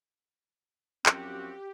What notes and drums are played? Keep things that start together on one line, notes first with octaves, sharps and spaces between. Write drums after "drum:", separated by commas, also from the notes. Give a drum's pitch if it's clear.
F#2 F3 C4 F#4 G4, drum: clap